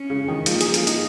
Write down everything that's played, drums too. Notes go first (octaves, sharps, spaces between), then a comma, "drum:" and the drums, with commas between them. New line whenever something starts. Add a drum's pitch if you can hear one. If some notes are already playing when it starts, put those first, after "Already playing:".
Already playing: C#4
C#3
D#3
F3 A#3, drum: hi-hat
G#4, drum: hi-hat
F4, drum: hi-hat
D#4, drum: hi-hat